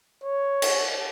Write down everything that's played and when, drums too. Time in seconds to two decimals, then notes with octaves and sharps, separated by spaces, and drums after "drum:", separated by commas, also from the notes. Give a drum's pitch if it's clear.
0.23 C#5
0.62 drum: cymbal